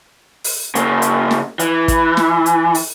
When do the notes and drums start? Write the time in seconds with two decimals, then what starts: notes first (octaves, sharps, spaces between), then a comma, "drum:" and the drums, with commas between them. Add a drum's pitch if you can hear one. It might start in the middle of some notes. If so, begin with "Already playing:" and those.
0.44 drum: open hi-hat
0.75 C#3 A#3, drum: hi-hat
1.02 drum: hi-hat
1.31 drum: snare
1.59 E3, drum: hi-hat
1.88 drum: kick, hi-hat
2.17 drum: snare
2.46 drum: hi-hat
2.75 drum: open hi-hat